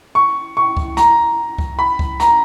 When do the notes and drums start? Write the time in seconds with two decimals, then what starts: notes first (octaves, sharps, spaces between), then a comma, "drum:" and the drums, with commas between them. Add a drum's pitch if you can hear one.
0.15 C#6
0.57 C#6
0.77 drum: kick C#2
0.97 A#5, drum: snare
1.58 drum: kick C#2
1.79 B5
1.99 drum: kick C#2
2.20 A#5, drum: snare